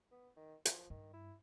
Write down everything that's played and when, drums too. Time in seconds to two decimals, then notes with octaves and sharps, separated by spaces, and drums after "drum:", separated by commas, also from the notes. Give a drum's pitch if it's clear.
0.11 B3
0.37 D#3
0.65 F3, drum: hi-hat
0.90 G2 D#3
1.14 E4